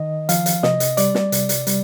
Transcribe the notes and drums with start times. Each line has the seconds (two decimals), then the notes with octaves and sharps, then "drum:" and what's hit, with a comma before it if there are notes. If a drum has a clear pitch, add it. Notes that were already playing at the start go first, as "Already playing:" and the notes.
Already playing: D#3 D#5
0.29 F3 F5, drum: hi-hat
0.46 drum: hi-hat
0.63 C3 D#5, drum: snare
0.80 drum: hi-hat
0.97 G3 D5, drum: hi-hat
1.15 drum: snare
1.32 C3, drum: hi-hat
1.49 drum: hi-hat
1.67 G3, drum: hi-hat